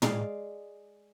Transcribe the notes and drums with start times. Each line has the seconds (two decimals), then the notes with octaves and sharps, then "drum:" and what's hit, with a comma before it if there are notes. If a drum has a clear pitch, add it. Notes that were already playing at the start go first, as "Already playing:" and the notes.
0.02 G#3 D5 F5, drum: tom